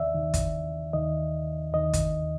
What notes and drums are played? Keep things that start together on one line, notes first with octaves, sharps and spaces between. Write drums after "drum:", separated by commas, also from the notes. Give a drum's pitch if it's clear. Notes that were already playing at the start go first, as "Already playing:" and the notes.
Already playing: D#2 D#3 D5 E5
D#2 D#3
drum: kick, hi-hat
D#2 D#3 D#5
D#2 D#3 D#5
drum: kick, hi-hat